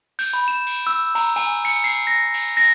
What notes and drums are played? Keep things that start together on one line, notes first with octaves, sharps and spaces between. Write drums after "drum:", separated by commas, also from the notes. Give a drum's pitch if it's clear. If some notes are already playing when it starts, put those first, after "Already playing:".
G6, drum: cymbal
B5
E7
drum: cymbal
E6
A#5, drum: cymbal
G#5, drum: cymbal
C#7, drum: cymbal
C7, drum: cymbal
A#6
drum: cymbal
A#6, drum: cymbal